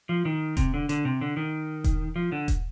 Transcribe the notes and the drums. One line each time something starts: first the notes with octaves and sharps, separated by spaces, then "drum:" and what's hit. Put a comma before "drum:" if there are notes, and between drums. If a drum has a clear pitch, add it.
F3
D#3
C3, drum: kick E1, hi-hat
D3
D3, drum: hi-hat
C3
D3
D#3
drum: kick E1, hi-hat
F3
D3
drum: kick E1, hi-hat